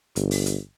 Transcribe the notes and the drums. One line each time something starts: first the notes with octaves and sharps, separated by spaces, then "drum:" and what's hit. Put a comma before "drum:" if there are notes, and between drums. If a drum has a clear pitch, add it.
G1, drum: hi-hat
drum: open hi-hat
drum: hi-hat